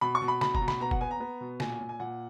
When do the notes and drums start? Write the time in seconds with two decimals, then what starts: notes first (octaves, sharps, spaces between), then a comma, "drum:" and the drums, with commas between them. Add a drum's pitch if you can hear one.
0.01 B2 B5
0.15 C#6
0.22 B2
0.28 B5
0.41 B2 B5, drum: snare
0.55 A#5, drum: kick
0.61 B2
0.68 B5, drum: snare
0.81 B3 A#5
0.91 F#5, drum: kick
1.01 B3 G#5
1.11 A#5
1.20 B3
1.41 B2
1.60 A#2 G#5, drum: snare
1.81 A#2
1.89 G#5
2.00 A#2 F#5